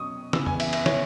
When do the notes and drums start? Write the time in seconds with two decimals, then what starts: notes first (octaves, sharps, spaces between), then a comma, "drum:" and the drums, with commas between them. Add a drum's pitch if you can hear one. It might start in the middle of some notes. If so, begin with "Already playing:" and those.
Already playing: B2 F#3 C#4 C#6 D#6
0.33 C#3 E3 B3 E6, drum: snare
0.46 G#5, drum: tom F2
0.60 E5, drum: cymbal
0.73 E5, drum: cymbal
0.86 C#5, drum: snare